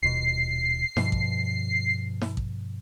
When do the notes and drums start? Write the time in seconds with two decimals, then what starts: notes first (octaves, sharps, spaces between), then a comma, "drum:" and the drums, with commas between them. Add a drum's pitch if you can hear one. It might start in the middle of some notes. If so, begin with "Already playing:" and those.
0.02 D#1 B2 C7
0.97 G2 B2 F3, drum: snare
1.12 drum: kick A1
2.21 drum: snare
2.37 drum: kick A1